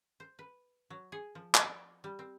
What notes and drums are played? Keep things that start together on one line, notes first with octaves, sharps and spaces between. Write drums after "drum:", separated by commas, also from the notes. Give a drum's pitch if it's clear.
C5
B4
F#3
G#4
F3
drum: clap
D5
G3
C4